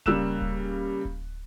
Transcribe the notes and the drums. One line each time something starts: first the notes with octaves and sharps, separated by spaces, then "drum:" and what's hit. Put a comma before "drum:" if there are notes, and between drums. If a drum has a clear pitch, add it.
C#3 G3 A#3 E6 F#6 E7, drum: kick D1
drum: kick D1
drum: kick D1